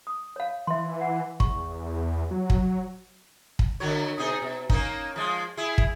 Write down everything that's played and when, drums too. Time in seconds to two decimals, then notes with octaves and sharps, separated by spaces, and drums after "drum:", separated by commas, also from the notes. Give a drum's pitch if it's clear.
0.07 D#6
0.36 C#5 F5
0.67 E3 E5 C6
1.01 F#5
1.40 E2 C#6, drum: kick
2.31 F#3
2.50 drum: kick
3.59 drum: kick
3.80 D3 F#3 C#5
4.18 B2 D#4 G#4
4.42 B2
4.70 A#3 C#4 D#4, drum: kick
5.16 F3 G#3
5.57 E4 G#4
5.78 drum: kick